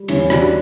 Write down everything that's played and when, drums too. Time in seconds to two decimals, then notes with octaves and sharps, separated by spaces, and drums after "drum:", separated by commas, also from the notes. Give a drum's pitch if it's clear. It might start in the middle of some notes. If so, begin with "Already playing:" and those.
Already playing: G3
0.08 E2 C#4 E4, drum: cymbal
0.30 G3 D4 F#4, drum: rim click